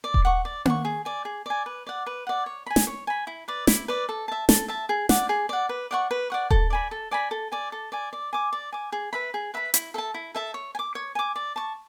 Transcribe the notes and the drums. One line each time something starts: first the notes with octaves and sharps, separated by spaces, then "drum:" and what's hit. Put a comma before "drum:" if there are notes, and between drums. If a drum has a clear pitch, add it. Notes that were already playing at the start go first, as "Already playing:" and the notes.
D5
drum: kick D#1
F#5 C#6
D5
F#5 C#6, drum: tom A#3
G#4
D5 G#5
G#4
D5 G#5
B4
D5 F#5
B4
D5 F#5
C#5
G#5 B5
drum: snare
C#5
G#5 B5
E4
B4 D5
E4, drum: snare
B4 D5
A4
E5 A5
A4, drum: snare
E5 A5
G#4
D5 F#5, drum: snare
G#4
D5 F#5
B4
D5 F#5 C#6
B4
D5 F#5 C#6
A4, drum: kick D#1
D5 G#5 B5
A4
D5 G#5 B5
A4
D5 G#5
A4
D5 G#5
D5
G#5 D6
D5
G#5 D6
G#4
B4 E5 B5
G#4
B4 E5 B5
E4, drum: hi-hat
A4 E5 A5
E4
A4 E5 A5
C#5
G#5
D6
C#5
G#5 D6
D5
A5 C#6